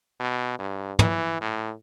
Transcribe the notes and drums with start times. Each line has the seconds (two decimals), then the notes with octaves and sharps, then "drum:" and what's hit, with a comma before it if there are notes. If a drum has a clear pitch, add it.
0.20 B2
0.59 G2
0.99 E3, drum: tom
1.41 A2